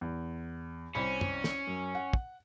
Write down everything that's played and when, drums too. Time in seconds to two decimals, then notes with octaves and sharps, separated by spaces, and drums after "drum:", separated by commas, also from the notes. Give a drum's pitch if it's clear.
0.01 E2
0.95 C2 C#4 C5 B5
1.21 drum: tom
1.44 drum: snare
1.67 F#2
1.95 F#5
2.13 drum: kick